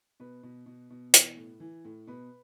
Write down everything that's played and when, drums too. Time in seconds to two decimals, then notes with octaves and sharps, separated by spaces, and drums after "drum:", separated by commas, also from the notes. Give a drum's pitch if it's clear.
0.20 B2 B4
0.43 B2
0.66 B2
0.90 B2
1.14 E3, drum: hi-hat
1.37 A2
1.60 E3
1.85 A2
2.07 B2 B4